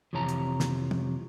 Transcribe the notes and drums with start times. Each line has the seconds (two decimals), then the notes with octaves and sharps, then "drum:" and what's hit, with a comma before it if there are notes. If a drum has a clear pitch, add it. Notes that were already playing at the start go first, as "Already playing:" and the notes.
0.13 F2 C3 E3 C#5 A5 A#5
0.29 drum: hi-hat
0.60 drum: snare
0.91 drum: tom